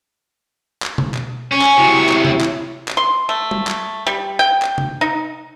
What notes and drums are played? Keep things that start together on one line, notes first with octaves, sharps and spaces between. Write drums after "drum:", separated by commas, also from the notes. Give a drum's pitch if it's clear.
drum: clap
drum: tom B2
drum: clap
C#4 G#5 C#6
drum: clap
C3 F#3 E4
drum: clap
drum: tom C3
drum: clap
drum: clap
C6
A3
drum: tom G3
drum: clap
G3
G5
drum: clap
drum: tom C3
D#4